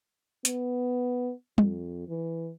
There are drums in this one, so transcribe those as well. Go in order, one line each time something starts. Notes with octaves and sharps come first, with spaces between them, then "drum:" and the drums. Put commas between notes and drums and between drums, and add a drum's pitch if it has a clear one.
B3, drum: hi-hat
F2, drum: tom
E3